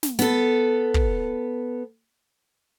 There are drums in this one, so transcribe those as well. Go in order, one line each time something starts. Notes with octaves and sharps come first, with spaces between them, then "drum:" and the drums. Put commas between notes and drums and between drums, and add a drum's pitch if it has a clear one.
drum: snare
B3 A4, drum: snare
drum: kick